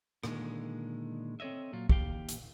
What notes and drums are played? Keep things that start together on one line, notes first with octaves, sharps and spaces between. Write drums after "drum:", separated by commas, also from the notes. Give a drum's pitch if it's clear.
A#2 D3 D#3 G#3, drum: rim click
C4 A4 C#5 D#5 E5
A#2 F#3 F4
D#2 G4 F5 G5, drum: kick
drum: hi-hat